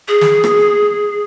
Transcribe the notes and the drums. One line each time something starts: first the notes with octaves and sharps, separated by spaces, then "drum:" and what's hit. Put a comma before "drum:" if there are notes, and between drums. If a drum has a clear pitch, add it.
G#4
drum: snare
drum: rim click